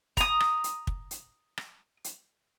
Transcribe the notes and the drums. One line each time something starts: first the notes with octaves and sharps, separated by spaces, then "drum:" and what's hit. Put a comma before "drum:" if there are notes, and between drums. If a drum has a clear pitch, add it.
A#5 D#6, drum: kick, hi-hat
drum: rim click
drum: hi-hat
drum: kick
drum: hi-hat
drum: rim click
drum: hi-hat